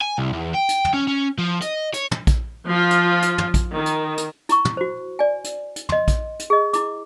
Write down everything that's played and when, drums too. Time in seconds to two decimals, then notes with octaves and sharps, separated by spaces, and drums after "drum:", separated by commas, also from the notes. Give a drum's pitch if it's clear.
0.01 G#5
0.18 C2
0.33 E2
0.55 G5
0.69 drum: hi-hat
0.85 drum: tom
0.94 C#4
1.08 C#4
1.38 F3
1.62 D#5, drum: hi-hat
1.94 C#5, drum: hi-hat
2.11 drum: tom
2.27 drum: kick A#1, hi-hat
2.67 F3 F4
2.91 drum: hi-hat
3.22 drum: hi-hat
3.38 drum: tom
3.54 drum: kick A#1, hi-hat
3.75 D#3
3.86 drum: hi-hat
4.17 drum: hi-hat
4.49 E4 A#5 C#6, drum: hi-hat
4.65 drum: tom
4.77 F#4 C5
5.19 D5 G#5
5.44 drum: hi-hat
5.76 drum: hi-hat
5.89 D#5 C6, drum: tom
6.08 drum: kick A#1, hi-hat
6.39 drum: hi-hat
6.50 G#4 D#5
6.73 E4 D6, drum: hi-hat